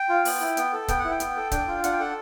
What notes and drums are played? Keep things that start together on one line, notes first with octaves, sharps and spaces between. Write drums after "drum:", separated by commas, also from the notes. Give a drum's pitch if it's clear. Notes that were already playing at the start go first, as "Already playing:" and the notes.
Already playing: G5
F4
B3, drum: open hi-hat
E4
B3, drum: hi-hat
A4
B3 G5, drum: kick C#1, hi-hat
F#5
E4
G5
B3, drum: hi-hat
A4
D4 G5, drum: kick C#1, hi-hat
F4
D4 F#5, drum: hi-hat
G5
A4 F#5